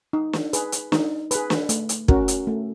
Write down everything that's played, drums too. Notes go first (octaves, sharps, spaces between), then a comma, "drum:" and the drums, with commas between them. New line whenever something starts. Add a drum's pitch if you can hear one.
D#4
drum: snare
G#4 B4, drum: hi-hat
drum: hi-hat
D#4, drum: snare
G#4 B4, drum: hi-hat
drum: snare
A3, drum: hi-hat
drum: hi-hat
C#4 F#4 A#4, drum: kick
drum: hi-hat
A3